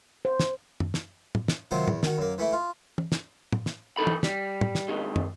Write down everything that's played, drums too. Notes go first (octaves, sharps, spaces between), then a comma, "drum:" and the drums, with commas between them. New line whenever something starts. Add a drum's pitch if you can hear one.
C5
drum: snare
drum: tom
drum: snare
drum: tom
drum: snare
C3 D#3 F3 F#3 C5
E2, drum: tom
D#3 F#4, drum: snare
F#2 A#3
E3 A3 E4
F4
drum: tom
drum: snare
drum: tom
drum: snare
B1 E3 D#4 A4 B5
drum: tom
G3, drum: snare
drum: tom
drum: snare
F2 D#3 G#3
drum: tom